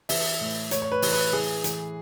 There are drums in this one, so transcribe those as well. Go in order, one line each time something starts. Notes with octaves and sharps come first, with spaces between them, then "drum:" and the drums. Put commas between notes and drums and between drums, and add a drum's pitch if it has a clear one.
E3 E5, drum: open hi-hat
A2
A2 C#5, drum: hi-hat
C#5
B4
E3, drum: open hi-hat
B4
E3 G#4
E3, drum: hi-hat